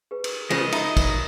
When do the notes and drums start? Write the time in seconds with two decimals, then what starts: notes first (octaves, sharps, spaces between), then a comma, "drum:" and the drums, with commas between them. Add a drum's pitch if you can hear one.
0.11 G#4 B4
0.24 drum: cymbal
0.50 C#3 F3 G#3 D#5, drum: cymbal
0.72 D#4 E5 A#5 B5, drum: cymbal
0.97 drum: kick, cymbal